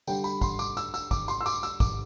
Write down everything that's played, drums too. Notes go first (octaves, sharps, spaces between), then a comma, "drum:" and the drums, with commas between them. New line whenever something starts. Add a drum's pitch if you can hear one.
D3 G3 G5, drum: tambourine
B5, drum: tambourine
C6, drum: kick, tambourine
D6, drum: tambourine
E6, drum: tambourine
E6, drum: tambourine
D6, drum: kick, tambourine
C6, drum: tambourine
E6
D6, drum: tambourine
E6, drum: tambourine
D6, drum: kick, tambourine